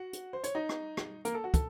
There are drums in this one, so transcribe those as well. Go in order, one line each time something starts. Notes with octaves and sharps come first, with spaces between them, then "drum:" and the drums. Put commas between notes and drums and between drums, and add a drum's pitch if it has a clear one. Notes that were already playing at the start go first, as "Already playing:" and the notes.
Already playing: F#4 F#5
drum: hi-hat
C5
C#5, drum: hi-hat
D#4 D#5
drum: rim click
drum: rim click
A#3 A#4, drum: hi-hat
A4
F#4
A4, drum: kick, hi-hat